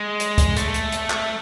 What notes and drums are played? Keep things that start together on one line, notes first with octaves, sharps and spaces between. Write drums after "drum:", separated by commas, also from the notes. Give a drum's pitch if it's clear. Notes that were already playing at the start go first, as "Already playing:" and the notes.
Already playing: G#3
drum: hi-hat
drum: kick, hi-hat
A3, drum: hi-hat
drum: hi-hat
drum: hi-hat
drum: clap